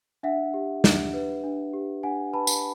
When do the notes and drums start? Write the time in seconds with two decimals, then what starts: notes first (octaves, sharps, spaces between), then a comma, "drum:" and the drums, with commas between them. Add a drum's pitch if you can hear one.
0.23 D4 E5 F#5
0.54 G4
0.84 D4, drum: snare
1.14 B4
1.44 D4
1.73 G4
2.03 D4 F#5 G#5
2.33 B4 A5 B5
2.47 drum: tambourine